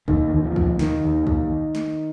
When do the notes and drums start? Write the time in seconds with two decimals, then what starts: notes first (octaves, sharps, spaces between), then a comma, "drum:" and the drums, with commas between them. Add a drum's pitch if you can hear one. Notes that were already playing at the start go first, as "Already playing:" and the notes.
0.08 D#2 D#3, drum: kick
0.32 D#2 D#3
0.44 F3
0.56 D#2, drum: kick
0.79 D#2 D#3, drum: snare
1.04 D#2
1.27 D#2, drum: kick
1.75 drum: snare